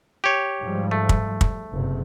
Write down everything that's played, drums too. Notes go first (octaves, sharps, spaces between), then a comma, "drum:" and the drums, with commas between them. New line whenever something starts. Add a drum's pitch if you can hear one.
G4 C#5
G#2 F3 G3
A3
drum: kick
drum: kick
F#1 C3